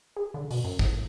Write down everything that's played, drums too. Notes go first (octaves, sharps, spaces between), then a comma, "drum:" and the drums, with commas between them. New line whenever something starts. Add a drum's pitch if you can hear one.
G#4
D3
B2, drum: open hi-hat
F#2
A2, drum: kick